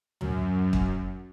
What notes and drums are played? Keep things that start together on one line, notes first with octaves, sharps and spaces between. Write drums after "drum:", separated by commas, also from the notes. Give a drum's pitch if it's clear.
F#2, drum: tom
drum: kick